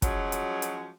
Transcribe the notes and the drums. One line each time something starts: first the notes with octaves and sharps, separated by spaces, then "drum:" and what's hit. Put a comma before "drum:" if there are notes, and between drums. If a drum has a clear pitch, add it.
F3 F#3 G#3 C#4 F#4, drum: kick, hi-hat
drum: hi-hat
drum: hi-hat